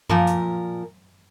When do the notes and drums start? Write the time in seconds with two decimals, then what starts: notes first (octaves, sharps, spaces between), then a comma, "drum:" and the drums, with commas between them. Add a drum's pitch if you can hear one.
0.09 A#2 F3 A#4, drum: tom F#2
0.27 drum: hi-hat